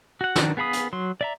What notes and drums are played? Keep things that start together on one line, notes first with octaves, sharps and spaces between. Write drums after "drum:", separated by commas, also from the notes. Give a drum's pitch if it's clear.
F#4 F#5
D#3 D4 F#4, drum: snare
B3 G#4 F5 B5 D#6
drum: hi-hat
F#3 C6
D5 E5 A#5